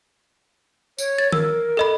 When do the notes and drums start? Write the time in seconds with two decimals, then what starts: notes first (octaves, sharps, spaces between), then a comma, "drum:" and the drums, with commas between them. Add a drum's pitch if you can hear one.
0.98 C#5, drum: tambourine
1.18 A6
1.32 A#4 E6, drum: tom D#3
1.77 A4 D#5 B5